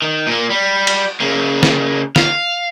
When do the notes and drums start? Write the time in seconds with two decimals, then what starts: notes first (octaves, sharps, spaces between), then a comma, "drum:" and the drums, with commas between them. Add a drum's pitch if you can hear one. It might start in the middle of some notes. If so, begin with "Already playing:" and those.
0.02 D#3
0.27 A#2 A#3
0.50 G3
0.87 drum: cymbal
1.20 C#3 A#3
1.63 drum: snare
2.16 F5, drum: snare